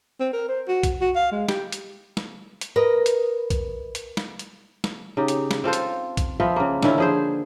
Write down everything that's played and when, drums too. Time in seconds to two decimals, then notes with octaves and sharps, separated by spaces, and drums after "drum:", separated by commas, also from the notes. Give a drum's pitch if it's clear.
0.20 C4
0.33 A#4
0.49 C5
0.68 F#4
0.83 drum: kick A#1, hi-hat
1.01 F#4
1.16 F5
1.32 G#3
1.49 G4, drum: snare
1.72 drum: hi-hat
2.17 drum: snare
2.61 drum: hi-hat
2.76 A#4 B4 D#5
3.06 drum: hi-hat
3.50 drum: kick A#1, hi-hat
3.95 drum: hi-hat
4.17 drum: snare
4.39 drum: hi-hat
4.84 drum: snare
5.17 C#3 D#4 G4
5.28 drum: hi-hat
5.51 drum: snare
5.64 C4 F4 A4 C5
5.73 drum: hi-hat
6.17 drum: kick A#1, hi-hat
6.40 F3 B3 F4 E5
6.56 C#3 A#3
6.82 D3 D#3 C#4 E4, drum: snare
6.98 F3 G#4 C5